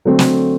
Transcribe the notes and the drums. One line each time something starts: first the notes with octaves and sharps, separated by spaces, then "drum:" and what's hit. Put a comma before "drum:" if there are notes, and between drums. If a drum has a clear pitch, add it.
D3 F#3 A3 C4
drum: snare